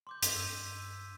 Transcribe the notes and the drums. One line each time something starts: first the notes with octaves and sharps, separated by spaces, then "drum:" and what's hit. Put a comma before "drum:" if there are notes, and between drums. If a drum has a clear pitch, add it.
C6 D6 G6
G2 G#6 B6, drum: hi-hat
E6 D#7